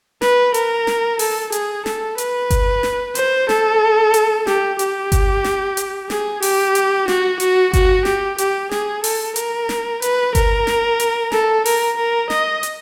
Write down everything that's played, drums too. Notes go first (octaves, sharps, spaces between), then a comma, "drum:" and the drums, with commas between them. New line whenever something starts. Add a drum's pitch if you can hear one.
B4, drum: snare
A#4, drum: hi-hat
drum: snare
A4, drum: open hi-hat
G#4, drum: hi-hat
A4, drum: snare
B4, drum: hi-hat
drum: kick G1, hi-hat
drum: snare
C5, drum: hi-hat
A4, drum: snare
drum: hi-hat
G4, drum: snare
G4, drum: hi-hat
drum: kick G1, hi-hat
drum: snare
drum: hi-hat
G#4, drum: snare
G4, drum: open hi-hat
drum: hi-hat
F#4, drum: snare
F#4, drum: hi-hat
F#4, drum: kick G1, hi-hat
G4, drum: snare
G4, drum: hi-hat
G#4, drum: snare
A4, drum: open hi-hat
A#4, drum: hi-hat
drum: snare
B4, drum: hi-hat
A#4, drum: kick G1, hi-hat
drum: snare
drum: hi-hat
A4, drum: snare
A#4, drum: open hi-hat
A#4
D#5, drum: snare
drum: hi-hat